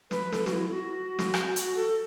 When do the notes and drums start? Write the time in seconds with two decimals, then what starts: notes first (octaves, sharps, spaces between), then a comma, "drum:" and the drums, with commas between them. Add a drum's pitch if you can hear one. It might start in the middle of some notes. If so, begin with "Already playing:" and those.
0.11 B4, drum: snare
0.32 A4, drum: snare
0.46 F#4, drum: snare
0.53 E4
0.68 E4
0.73 F#4
1.19 drum: snare
1.34 drum: rim click
1.56 F#4, drum: hi-hat
1.76 A4